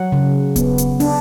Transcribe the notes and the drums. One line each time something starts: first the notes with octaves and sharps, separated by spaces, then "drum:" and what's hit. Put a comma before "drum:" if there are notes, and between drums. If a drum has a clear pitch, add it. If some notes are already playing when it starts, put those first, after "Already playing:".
Already playing: F#3 F#5
C#3
B3, drum: kick D#1, hi-hat
drum: hi-hat
D4, drum: open hi-hat